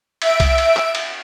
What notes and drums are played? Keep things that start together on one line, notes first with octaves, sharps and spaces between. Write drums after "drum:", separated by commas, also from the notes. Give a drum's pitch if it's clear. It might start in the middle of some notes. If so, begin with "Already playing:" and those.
E5 D7, drum: cymbal
drum: kick C2, cymbal
drum: cymbal
drum: clap
drum: cymbal